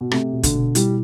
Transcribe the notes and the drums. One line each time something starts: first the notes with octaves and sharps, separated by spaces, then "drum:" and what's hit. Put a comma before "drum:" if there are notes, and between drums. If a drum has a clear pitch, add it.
B2
C3 A3, drum: rim click
B2
D3, drum: kick, hi-hat
B2
G3 E4, drum: hi-hat